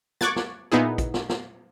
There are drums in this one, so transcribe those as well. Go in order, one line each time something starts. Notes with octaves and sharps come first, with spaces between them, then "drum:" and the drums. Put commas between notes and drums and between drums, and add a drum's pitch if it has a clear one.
C#6 D6 F#6 G#6 A6, drum: snare
drum: snare
A#2 B3 D#4 E4 G#4
drum: kick A1, hi-hat
drum: snare
drum: snare